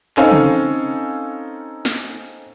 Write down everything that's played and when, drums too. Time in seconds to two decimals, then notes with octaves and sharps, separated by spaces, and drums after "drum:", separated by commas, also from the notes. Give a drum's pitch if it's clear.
0.17 C4 C#4 D#4 A4 F5 G#5, drum: clap
0.32 drum: tom
1.85 drum: snare